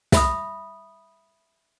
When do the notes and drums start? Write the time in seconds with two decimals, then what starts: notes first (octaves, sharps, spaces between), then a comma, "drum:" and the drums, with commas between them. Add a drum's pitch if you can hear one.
0.12 E5 B5 D#6, drum: snare